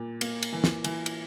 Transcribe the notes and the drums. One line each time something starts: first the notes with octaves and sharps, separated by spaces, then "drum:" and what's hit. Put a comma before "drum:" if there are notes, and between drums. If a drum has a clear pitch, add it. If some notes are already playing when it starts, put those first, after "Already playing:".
Already playing: A#2
A#3, drum: cymbal
drum: cymbal
E3
drum: snare
E3, drum: cymbal
drum: cymbal